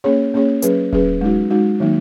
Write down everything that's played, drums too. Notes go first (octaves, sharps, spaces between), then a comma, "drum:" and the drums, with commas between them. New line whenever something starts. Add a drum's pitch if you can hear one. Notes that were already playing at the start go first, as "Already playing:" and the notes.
A#3 C#4 G#4 C#5
A#3 C#4 G#4 C#5
F#3 C#4 G#4 B4, drum: hi-hat
F#3 C#4 G#4 B4, drum: kick D#1
G#3 D#4 F#4
G#3 D#4 F#4
D#3 F#3 A#3 D#4